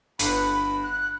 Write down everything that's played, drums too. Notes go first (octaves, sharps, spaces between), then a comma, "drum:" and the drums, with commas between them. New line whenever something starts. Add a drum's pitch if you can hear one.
G1 G2 B4 F#5 B5, drum: hi-hat
F#6